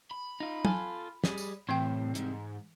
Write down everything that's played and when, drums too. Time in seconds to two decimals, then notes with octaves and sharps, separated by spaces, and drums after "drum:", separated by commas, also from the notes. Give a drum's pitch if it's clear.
0.11 B5
0.40 D#4 F4
0.65 F4 A4 G#5, drum: tom F#3
1.24 G3 G#4, drum: snare
1.38 drum: tambourine
1.69 C2 A2 E3 C4 G5
2.15 G#2, drum: hi-hat